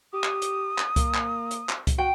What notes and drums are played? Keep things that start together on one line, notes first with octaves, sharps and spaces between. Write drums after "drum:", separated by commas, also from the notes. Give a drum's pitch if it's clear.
G4 D#6
drum: clap
drum: hi-hat
drum: clap
A#3, drum: kick C2, hi-hat
drum: clap
drum: hi-hat
drum: clap
drum: kick C2, hi-hat
F#4 G5